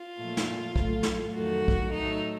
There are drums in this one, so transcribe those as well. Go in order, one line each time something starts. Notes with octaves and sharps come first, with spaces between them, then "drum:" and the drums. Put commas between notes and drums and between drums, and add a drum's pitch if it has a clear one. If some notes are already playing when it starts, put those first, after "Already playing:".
Already playing: F4
A#2 F3 A3
drum: snare
A2 F#3 A3, drum: kick A#1
drum: snare
F2 D#3 F#3 A3 F#4
drum: kick A#1
A2 F#3 A3 D#4